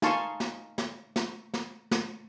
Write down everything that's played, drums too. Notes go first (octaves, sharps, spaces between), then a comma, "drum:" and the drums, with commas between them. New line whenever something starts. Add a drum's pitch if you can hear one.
D#4 F5 G#5 A5 C6 C#6, drum: snare
drum: snare
drum: snare
drum: snare
drum: snare
drum: snare